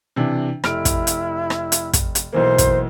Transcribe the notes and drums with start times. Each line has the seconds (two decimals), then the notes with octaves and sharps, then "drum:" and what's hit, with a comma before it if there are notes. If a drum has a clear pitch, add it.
0.16 C3 E3 D4
0.64 F1 E4 F6 D7, drum: rim click
0.85 drum: kick, hi-hat
1.07 drum: hi-hat
1.50 drum: rim click
1.72 drum: hi-hat
1.93 drum: kick, hi-hat
2.15 drum: hi-hat
2.33 B1 E3 A#3 C5
2.58 drum: kick, hi-hat